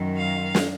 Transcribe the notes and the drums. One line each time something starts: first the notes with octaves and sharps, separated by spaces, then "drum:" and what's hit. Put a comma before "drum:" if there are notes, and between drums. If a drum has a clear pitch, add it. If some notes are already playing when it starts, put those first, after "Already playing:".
Already playing: F#2 D#3 F#3
F5
drum: snare